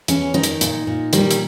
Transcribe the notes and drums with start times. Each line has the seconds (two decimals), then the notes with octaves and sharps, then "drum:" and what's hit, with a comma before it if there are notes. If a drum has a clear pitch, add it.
0.08 E2 C#4, drum: hi-hat
0.34 D#3 D#4
0.43 drum: hi-hat
0.61 A#2, drum: hi-hat
0.87 A#2
1.13 D#3 G3, drum: hi-hat
1.31 drum: hi-hat